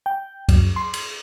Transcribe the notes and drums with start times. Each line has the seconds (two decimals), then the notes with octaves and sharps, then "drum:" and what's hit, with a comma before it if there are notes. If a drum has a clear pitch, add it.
0.06 G5
0.49 F#2, drum: kick C#2, cymbal
0.76 C6
0.94 drum: cymbal